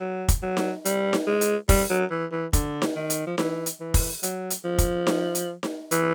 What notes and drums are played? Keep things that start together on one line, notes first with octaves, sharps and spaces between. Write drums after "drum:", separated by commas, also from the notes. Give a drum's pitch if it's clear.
F#3
drum: kick, hi-hat
F#3
drum: snare D#4
G3, drum: hi-hat
drum: snare D#4
G#3
drum: hi-hat
G3, drum: kick, open hi-hat
F#3
E3
E3
D3, drum: kick, hi-hat
drum: snare D#4
D#3
drum: hi-hat
F3
E3, drum: snare D#4
drum: hi-hat
E3
drum: kick, open hi-hat
F#3, drum: hi-hat
drum: hi-hat
F3
drum: kick, hi-hat
drum: snare D#4
drum: hi-hat
drum: snare D#4
E3, drum: hi-hat